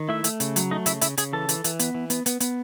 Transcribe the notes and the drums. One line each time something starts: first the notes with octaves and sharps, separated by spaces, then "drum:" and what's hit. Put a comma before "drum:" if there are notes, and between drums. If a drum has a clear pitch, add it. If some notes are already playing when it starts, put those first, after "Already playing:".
Already playing: D#3
A3 E4 E5
A3, drum: hi-hat
C#3, drum: hi-hat
F#3, drum: hi-hat
A3 D#4 D#5
C#3 E4 E5, drum: hi-hat
C#3 E4 E5, drum: hi-hat
C#3 G#4 G#5, drum: hi-hat
E3 A4 A5
E3, drum: hi-hat
E3, drum: hi-hat
B3, drum: hi-hat
E3
B3, drum: hi-hat
B3, drum: hi-hat
B3, drum: hi-hat